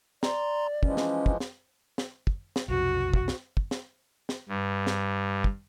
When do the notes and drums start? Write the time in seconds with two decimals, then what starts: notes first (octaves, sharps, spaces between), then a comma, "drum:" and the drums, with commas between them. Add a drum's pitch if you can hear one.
0.23 D5 A#5 C6, drum: snare
0.83 E3 F3 G#3 C#4, drum: kick
0.97 drum: snare
1.26 drum: kick
1.40 drum: snare
1.98 drum: snare
2.27 drum: kick
2.56 drum: snare
2.68 B1 F2 C3 F#4
3.14 drum: kick
3.28 drum: snare
3.57 drum: kick
3.71 drum: snare
4.29 drum: snare
4.49 G2
4.87 drum: snare
5.44 drum: kick